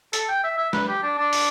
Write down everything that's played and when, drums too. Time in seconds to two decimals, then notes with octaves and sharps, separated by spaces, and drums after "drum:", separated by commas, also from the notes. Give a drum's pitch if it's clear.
0.13 A4, drum: hi-hat
0.29 G5
0.44 E5
0.58 E5
0.73 B4, drum: snare
0.88 G4
1.03 D4
1.18 D4
1.33 drum: open hi-hat